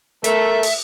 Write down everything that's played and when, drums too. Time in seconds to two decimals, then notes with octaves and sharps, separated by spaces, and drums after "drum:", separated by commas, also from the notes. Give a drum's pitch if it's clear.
0.24 A3 A#4 E5, drum: hi-hat
0.63 drum: open hi-hat